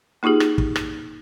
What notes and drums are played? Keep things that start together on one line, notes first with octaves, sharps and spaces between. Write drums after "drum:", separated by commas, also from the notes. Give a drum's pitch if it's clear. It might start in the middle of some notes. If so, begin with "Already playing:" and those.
A#3 D#4 F4 G4 G#4
drum: rim click
drum: kick
drum: rim click